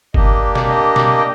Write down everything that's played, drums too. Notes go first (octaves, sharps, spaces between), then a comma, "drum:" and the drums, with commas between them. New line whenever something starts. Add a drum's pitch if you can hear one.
A#3 D4 G4 D#5, drum: kick G1
drum: snare
D#5
drum: snare
G5